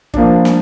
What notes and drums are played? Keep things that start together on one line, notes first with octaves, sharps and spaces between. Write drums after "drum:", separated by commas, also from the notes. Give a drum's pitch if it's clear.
F3 A#3 D4, drum: kick
drum: snare